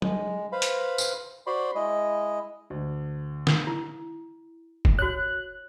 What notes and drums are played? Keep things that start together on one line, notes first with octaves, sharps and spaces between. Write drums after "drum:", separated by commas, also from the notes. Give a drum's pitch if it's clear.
G#3, drum: tom F#3
B4 C5 F5 B5
drum: hi-hat
drum: tambourine
F#4 C5 D5 B5 C6
G#3 E4 D#5
D2
drum: snare
E4
drum: kick F#1
F#4 C#5 F#6